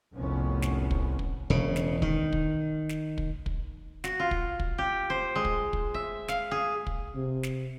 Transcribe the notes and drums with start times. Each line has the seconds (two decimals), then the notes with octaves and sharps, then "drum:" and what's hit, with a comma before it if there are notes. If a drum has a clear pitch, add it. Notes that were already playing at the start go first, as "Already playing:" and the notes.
0.14 F1 C2 A2 F3 B3 C#4
0.62 drum: snare
0.91 drum: kick
1.19 drum: kick
1.50 E1 C#3
1.76 drum: snare
2.02 D#3, drum: kick
2.33 drum: kick
2.89 drum: snare
3.18 drum: kick
3.46 drum: kick
4.04 F#4, drum: snare
4.19 F4
4.31 drum: kick
4.60 drum: kick
4.78 G4
5.10 C5
5.36 G#3
5.45 drum: kick
5.73 drum: kick
5.94 E5
6.28 F5, drum: snare
6.51 G#4
6.87 drum: kick
7.15 C3
7.43 drum: snare